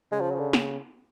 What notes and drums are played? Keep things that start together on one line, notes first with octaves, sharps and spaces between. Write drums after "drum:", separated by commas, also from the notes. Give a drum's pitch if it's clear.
C#3 G#3
F3
F#3
F3
D3
drum: snare